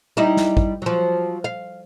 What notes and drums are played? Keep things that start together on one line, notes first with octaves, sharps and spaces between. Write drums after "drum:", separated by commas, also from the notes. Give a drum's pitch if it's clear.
G3 D#4 E4
drum: snare
drum: kick
F3 F#3
F5